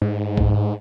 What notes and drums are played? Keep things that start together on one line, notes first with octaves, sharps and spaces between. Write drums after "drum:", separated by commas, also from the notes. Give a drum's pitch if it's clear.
G#2
drum: kick